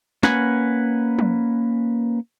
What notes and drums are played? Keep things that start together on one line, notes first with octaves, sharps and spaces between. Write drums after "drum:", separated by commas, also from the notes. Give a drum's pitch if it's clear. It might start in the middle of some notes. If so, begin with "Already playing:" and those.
A#3 C#4 B4 F#5 G#5, drum: snare
drum: tom F3